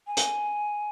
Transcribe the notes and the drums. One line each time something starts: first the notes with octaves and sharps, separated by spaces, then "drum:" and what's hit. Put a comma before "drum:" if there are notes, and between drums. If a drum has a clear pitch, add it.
G#5
drum: hi-hat